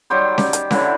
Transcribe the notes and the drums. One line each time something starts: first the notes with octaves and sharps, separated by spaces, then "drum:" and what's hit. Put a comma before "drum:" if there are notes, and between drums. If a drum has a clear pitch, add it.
D#3 F#3 G3 C5
G4, drum: snare C#4
drum: hi-hat
D3 E3 F#3 E4, drum: snare C#4